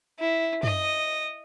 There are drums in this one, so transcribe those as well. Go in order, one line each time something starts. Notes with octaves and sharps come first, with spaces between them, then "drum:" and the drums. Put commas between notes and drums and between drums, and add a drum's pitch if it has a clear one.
E4
D#5, drum: tom F#2